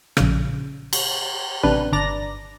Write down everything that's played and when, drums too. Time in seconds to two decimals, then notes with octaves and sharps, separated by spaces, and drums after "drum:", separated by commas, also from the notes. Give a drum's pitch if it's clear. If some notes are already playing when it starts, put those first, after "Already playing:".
0.17 A#1 C#3, drum: rim click
0.93 drum: cymbal
1.63 A1 C3 D4 B4
1.92 G1 D4 D5 A#5 A#6